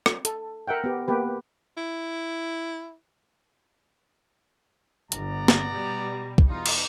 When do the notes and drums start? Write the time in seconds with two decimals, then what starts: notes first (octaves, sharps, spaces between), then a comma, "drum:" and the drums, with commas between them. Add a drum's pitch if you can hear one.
0.06 drum: rim click
0.25 A4, drum: hi-hat
0.68 A#4 E5 F#5 G5
0.84 B3 G4
1.08 A#3 B3 G4 B4
1.77 E4
5.12 G1 B3 D5 A#5, drum: hi-hat
5.48 drum: snare
5.71 B2 G3
6.38 drum: kick
6.49 E2 D#4 F4
6.66 drum: cymbal